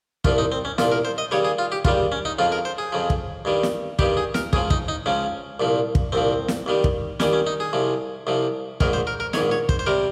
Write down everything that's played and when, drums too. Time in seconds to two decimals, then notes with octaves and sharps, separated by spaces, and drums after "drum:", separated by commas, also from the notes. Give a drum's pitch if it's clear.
0.24 C2 A#2 F3 F4, drum: kick
0.38 D#4
0.52 C4
0.65 C#4
0.78 C2 A#2 F3 F4, drum: snare
0.92 A#4
1.05 C5
1.18 D#5
1.31 D#2 C#3 G3 C#5
1.45 G#4
1.59 F4
1.72 G4
1.85 D#2 C#3 G3 F4, drum: kick
2.12 C#4
2.25 D#4
2.39 F2 C#3 F3 F4
2.52 A#4
2.65 C5
2.78 G#4
2.92 F2 C#3 F3
3.10 drum: kick
3.45 G2 D#3 G3
3.63 drum: snare
3.99 G2 D#3 G3 G4, drum: kick
4.17 G#4
4.34 A#4, drum: snare
4.53 C#2 C#3 F3 G#4, drum: kick
4.70 D#4, drum: kick
4.88 D#4
5.06 C#2 C#3 F3 C#4
5.60 C2 A#2 F3
5.95 drum: kick
6.12 C2 A#2 F3 C4
6.48 drum: snare
6.66 D#2 D#3 G3
6.84 drum: kick
7.20 D#2 D#3 G3 C#4, drum: snare
7.33 C#4
7.47 D#4
7.60 G#4
7.73 C2 C3 F3
8.27 C2 C3 F3
8.80 A#1 G#2 D#3 A#4, drum: kick
8.93 C5
9.07 A#4
9.20 A#4
9.33 A#1 G#2 D#3 C#5, drum: snare
9.51 C#5
9.69 C5, drum: kick
9.79 C5
9.86 C3 G3 A#4